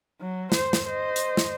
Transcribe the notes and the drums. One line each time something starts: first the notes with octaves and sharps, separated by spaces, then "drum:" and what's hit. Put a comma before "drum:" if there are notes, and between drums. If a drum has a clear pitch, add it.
F#3
C5, drum: snare
drum: snare
C5 D#5
drum: hi-hat
drum: snare